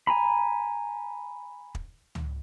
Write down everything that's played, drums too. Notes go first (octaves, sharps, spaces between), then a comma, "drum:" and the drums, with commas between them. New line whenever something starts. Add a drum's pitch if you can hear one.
G#5 A#5 B5
drum: kick
drum: tom C#2